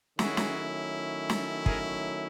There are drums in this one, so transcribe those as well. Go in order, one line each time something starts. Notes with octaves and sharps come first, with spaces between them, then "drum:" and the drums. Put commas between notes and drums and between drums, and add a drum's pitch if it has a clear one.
D#3 F#3 A3 C#4 E4 F#4 G#4, drum: snare
drum: snare
drum: snare
G#4 A#4, drum: kick